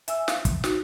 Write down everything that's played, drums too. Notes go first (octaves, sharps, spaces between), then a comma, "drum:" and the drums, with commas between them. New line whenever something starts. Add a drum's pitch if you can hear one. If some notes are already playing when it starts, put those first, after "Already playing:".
E5 G#5 E6, drum: hi-hat
F5, drum: snare
drum: kick, hi-hat
D#4 F#4, drum: snare